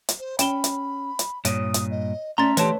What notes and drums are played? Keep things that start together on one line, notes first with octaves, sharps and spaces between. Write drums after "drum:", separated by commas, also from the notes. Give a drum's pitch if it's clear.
drum: hi-hat
C5
C#4 G5 B5 E7 G7, drum: hi-hat
drum: hi-hat
drum: hi-hat
G2 A#2 C#5 D#6, drum: hi-hat
drum: hi-hat
D#5
A3 C#4 D5 E5 A#5 C6 A6
D3 E3 A3 G4 B4 C#5 A5 C6, drum: hi-hat